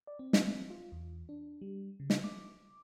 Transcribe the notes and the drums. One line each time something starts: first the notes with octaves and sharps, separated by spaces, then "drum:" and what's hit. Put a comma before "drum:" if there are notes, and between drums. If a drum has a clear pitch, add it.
D5
C4
drum: snare
F4
E2
D4
G3
C#3
drum: snare
D6